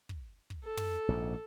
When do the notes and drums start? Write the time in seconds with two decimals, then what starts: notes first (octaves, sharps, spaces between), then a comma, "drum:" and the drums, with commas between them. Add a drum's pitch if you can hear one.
0.09 drum: kick
0.50 drum: kick
0.64 A4
0.77 drum: tom
1.08 A#1 G#2